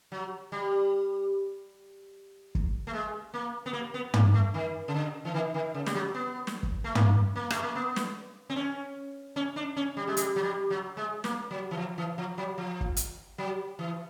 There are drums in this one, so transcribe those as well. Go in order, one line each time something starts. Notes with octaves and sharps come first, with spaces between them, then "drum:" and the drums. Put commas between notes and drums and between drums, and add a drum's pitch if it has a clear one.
F#3
G3
drum: kick
A3
G#3
A#3
B3
A#3
B3
A#3, drum: tom
A3
D#3
C#3
D3
E3
D#3
D#3
C#3
G3, drum: snare
F#3
B3
drum: snare
drum: kick
A3
A#3, drum: tom
A#3
A3, drum: rim click
A#3
B3
drum: snare
C4
C#4
C#4
D4
C#4
G3
G#3
G3, drum: hi-hat
F#3
G3
F#3
G#3
A#3, drum: snare
F#3
E3
F3
E3
F3
F#3
F3
drum: kick
drum: hi-hat
F#3
E3